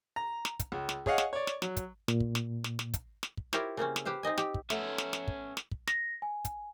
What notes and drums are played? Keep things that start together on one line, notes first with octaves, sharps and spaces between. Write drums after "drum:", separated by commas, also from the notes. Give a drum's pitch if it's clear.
A#5
drum: snare
drum: kick, hi-hat
C#2
drum: snare
G#4 C#5 D#5 F5 F#5, drum: kick
drum: snare
C#5 D5
drum: snare
F#3, drum: snare
drum: kick, hi-hat
A#2, drum: snare
drum: kick
drum: snare
drum: snare
drum: snare
drum: kick, hi-hat
drum: snare
drum: kick
E4 F4 G4 A#4 C5 C#5, drum: snare
C#3 A#3 C4 C#4
drum: snare
G4 B4 C5 F5
C4 D#4 D#5 G#5
G4, drum: snare
drum: kick
A3 B3 C#4 E5, drum: snare
drum: snare
drum: snare
drum: kick
drum: snare
drum: kick
A#6, drum: snare
G#5
drum: kick, hi-hat